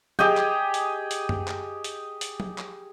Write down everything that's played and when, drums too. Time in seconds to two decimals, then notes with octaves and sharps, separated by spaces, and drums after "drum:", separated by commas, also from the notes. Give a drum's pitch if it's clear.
0.19 G4 G#4 D#5 G5, drum: tom
0.37 drum: clap
0.74 drum: hi-hat
1.11 drum: hi-hat
1.29 drum: tom F#2
1.48 drum: clap
1.84 drum: hi-hat
2.21 drum: hi-hat
2.40 drum: tom
2.58 drum: clap